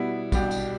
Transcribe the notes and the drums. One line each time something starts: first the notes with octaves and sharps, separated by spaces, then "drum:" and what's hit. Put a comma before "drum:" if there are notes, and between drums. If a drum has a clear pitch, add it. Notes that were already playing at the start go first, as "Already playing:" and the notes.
Already playing: B2 G3 B3 E4
C2 B2 G3 D4 G4, drum: kick, tambourine
drum: tambourine